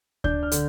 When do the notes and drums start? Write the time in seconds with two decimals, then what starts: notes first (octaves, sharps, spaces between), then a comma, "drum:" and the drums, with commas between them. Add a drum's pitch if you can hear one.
0.24 D4 G6, drum: kick D2
0.43 F6
0.52 D3, drum: hi-hat